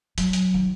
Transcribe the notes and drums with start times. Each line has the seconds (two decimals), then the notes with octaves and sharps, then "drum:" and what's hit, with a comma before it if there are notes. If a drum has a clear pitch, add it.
0.18 F#3, drum: hi-hat
0.33 drum: hi-hat
0.54 D#3